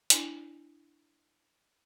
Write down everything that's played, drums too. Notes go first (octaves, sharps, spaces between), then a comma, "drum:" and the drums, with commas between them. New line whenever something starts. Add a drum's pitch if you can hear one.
D4 E4 G#5, drum: hi-hat